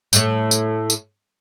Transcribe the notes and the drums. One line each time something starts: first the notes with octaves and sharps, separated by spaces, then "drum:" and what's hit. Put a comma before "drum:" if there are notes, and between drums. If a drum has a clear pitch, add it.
A2 A3, drum: tambourine
drum: tambourine
drum: tambourine